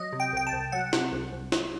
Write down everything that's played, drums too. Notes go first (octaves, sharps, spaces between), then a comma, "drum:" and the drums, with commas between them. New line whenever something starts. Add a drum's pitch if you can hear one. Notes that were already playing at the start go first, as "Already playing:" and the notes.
Already playing: F#3 D#5
C3
G5
C2 G5
A5
C2
F#3 F#5
C3, drum: snare
C2
C2
F#3, drum: snare